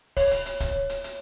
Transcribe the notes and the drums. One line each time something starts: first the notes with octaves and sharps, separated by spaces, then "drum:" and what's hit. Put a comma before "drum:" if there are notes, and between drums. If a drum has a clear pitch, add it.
C#5, drum: kick D1, open hi-hat
drum: hi-hat
drum: hi-hat
drum: kick D1, hi-hat
drum: hi-hat
drum: hi-hat